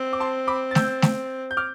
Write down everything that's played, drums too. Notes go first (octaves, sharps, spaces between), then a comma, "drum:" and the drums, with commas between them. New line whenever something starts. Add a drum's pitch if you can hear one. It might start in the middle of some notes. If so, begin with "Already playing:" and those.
Already playing: C4
D6
A5 C6
B5 D6
A6
E6 G6, drum: snare A3
drum: snare A3
G6
D6 F6